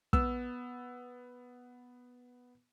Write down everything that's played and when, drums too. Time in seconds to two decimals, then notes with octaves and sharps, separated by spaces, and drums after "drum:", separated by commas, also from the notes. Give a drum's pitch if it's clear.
0.13 B3 E6, drum: kick